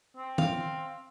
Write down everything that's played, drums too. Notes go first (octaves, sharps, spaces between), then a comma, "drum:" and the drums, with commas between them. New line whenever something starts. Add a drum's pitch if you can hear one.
C4
F5, drum: tom